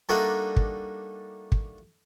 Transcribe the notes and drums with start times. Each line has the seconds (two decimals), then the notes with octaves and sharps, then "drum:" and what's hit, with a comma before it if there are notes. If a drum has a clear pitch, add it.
0.09 G3 A3 A#3 D4 D#4 F#4
0.56 drum: kick
1.52 drum: kick